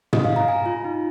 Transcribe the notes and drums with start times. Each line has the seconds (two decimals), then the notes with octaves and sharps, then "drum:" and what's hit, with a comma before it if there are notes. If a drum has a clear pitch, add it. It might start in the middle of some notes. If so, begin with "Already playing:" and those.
0.13 D#5, drum: tom
0.25 F5
0.36 A#5
0.48 G#5
0.66 F4
0.84 D#4